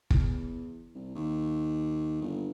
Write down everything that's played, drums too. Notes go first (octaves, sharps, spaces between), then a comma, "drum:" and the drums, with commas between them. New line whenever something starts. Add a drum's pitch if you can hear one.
E2, drum: kick
C2
D#2
G1